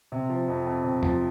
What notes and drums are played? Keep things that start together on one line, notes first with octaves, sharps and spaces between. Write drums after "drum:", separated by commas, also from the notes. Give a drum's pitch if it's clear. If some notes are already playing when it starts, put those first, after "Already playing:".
C3
F3
F2
F2
C3
F3, drum: tom E2